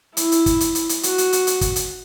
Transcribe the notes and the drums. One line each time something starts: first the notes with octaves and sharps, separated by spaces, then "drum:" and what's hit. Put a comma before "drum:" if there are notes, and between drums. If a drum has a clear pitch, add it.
E4, drum: hi-hat
drum: hi-hat
drum: kick, hi-hat
drum: hi-hat
drum: hi-hat
drum: hi-hat
F#4, drum: hi-hat
drum: hi-hat
drum: hi-hat
drum: hi-hat
drum: kick, hi-hat
drum: hi-hat